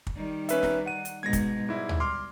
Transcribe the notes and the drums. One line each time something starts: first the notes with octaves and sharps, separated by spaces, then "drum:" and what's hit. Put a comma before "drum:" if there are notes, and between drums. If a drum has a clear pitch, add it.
drum: kick
D#3 G3 D#4
C#4 B4 E5, drum: hi-hat
drum: snare
F#5 D#7
drum: hi-hat
G#2 B2 G#3 G#6 A#6
drum: kick, hi-hat
G#2 G3 E4
drum: tom
C6 D6 F6